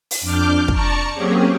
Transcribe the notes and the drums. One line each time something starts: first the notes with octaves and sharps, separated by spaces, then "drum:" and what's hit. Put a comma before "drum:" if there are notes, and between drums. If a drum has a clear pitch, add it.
drum: open hi-hat
F2 D4 D6 F6 G6
D5 A5 A#5 C#6 C#7, drum: kick
F#3 A#3 C4 C#4 G4 G#4